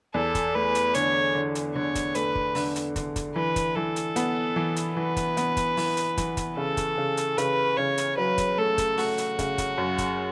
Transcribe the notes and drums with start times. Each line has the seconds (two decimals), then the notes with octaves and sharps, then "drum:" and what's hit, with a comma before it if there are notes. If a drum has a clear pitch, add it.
0.14 E2 A4
0.35 drum: kick, hi-hat
0.55 A3 B4
0.75 drum: hi-hat
0.94 D3 C#5, drum: hi-hat
1.35 D3
1.55 drum: hi-hat
1.75 D3 C#5
1.95 drum: kick, hi-hat
2.15 A3 B4, drum: hi-hat
2.35 drum: kick
2.55 D3, drum: open hi-hat
2.76 drum: hi-hat
2.96 D3, drum: kick, hi-hat
3.16 drum: kick, hi-hat
3.36 E3 B4
3.56 drum: kick, hi-hat
3.75 E3 A4
3.96 drum: hi-hat
4.16 B3, drum: hi-hat
4.56 E3
4.76 drum: hi-hat
4.96 E3 B4
5.17 drum: kick, hi-hat
5.37 B3, drum: hi-hat
5.57 drum: kick, hi-hat
5.77 E3, drum: open hi-hat
5.97 drum: hi-hat
6.17 E3, drum: kick, hi-hat
6.37 drum: kick, hi-hat
6.57 C#3 A4
6.77 drum: kick, hi-hat
6.98 C#3
7.17 drum: hi-hat
7.38 C#3 B4, drum: hi-hat
7.77 C#3 C#5
7.98 drum: hi-hat
8.18 F#3 B4
8.38 drum: kick, hi-hat
8.58 A3 A4
8.78 drum: kick, hi-hat
8.98 A3 F#4, drum: open hi-hat
9.18 drum: hi-hat
9.39 C#3, drum: kick, hi-hat
9.58 drum: kick, hi-hat
9.78 F#2
9.98 drum: kick, hi-hat